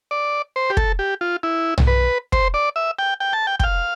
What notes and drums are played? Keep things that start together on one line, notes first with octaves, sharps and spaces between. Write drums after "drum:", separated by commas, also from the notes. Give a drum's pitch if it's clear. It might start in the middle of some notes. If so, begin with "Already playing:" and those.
D5
C5
G4
A4, drum: kick
G4
F4
E4
drum: tom B1
B4
C5, drum: kick
D5
E5
G5
G5
A5
G5
G5, drum: kick
F5